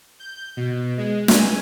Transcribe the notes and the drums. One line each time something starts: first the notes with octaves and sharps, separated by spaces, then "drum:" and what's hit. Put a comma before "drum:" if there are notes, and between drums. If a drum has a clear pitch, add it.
G6
B2
G#3
G#5, drum: snare